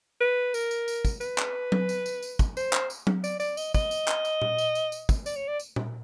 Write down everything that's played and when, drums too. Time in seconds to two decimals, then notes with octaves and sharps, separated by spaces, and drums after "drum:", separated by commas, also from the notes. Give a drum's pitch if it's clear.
0.21 B4
0.54 A#4, drum: tambourine
0.71 drum: tambourine
0.88 drum: tambourine
1.05 drum: kick, tambourine
1.21 B4, drum: tambourine
1.38 drum: clap
1.72 drum: tom F#3
1.89 drum: tambourine
2.06 drum: tambourine
2.23 drum: tambourine
2.39 drum: kick, tambourine
2.57 C5, drum: tambourine
2.73 drum: clap
2.90 drum: tambourine
3.07 drum: tom F#3
3.24 D5, drum: tambourine
3.40 D5, drum: tambourine
3.57 D#5, drum: tambourine
3.74 D#5, drum: kick, tambourine
3.91 drum: tambourine
4.08 drum: clap
4.25 drum: tambourine
4.42 drum: tom A#2
4.58 drum: tambourine
4.75 drum: tambourine
4.92 drum: tambourine
5.09 drum: kick, tambourine
5.26 D5, drum: tambourine
5.36 C#5
5.48 D5
5.59 drum: tambourine
5.76 drum: tom A#2